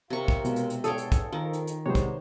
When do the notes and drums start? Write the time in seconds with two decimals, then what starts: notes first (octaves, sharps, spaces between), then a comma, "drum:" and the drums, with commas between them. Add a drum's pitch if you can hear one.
0.10 D#2 C3 F4 A#4 C#6
0.28 drum: kick
0.45 B2 G#3, drum: hi-hat
0.56 drum: hi-hat
0.70 drum: hi-hat
0.84 E2 G2 G#4 A4 C#5 G5 D#6, drum: hi-hat
0.98 drum: hi-hat
1.12 drum: kick, hi-hat
1.32 F2 D#3 F4 A#4
1.53 drum: hi-hat
1.67 drum: hi-hat
1.86 C3 G3 G#3 B3 C5 C#5
1.95 drum: kick, hi-hat